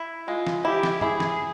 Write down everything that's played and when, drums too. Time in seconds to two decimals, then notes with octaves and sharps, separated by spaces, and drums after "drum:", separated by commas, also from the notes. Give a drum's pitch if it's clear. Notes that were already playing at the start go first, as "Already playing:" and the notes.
Already playing: E4
0.28 G#3 F4
0.47 drum: snare
0.64 E4 G4
0.83 drum: snare
1.01 E4 G#4, drum: tom G2
1.20 drum: snare